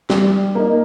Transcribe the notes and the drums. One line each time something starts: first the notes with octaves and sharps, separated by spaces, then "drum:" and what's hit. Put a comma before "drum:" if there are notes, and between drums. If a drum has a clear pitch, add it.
G3, drum: snare
A#3 D#4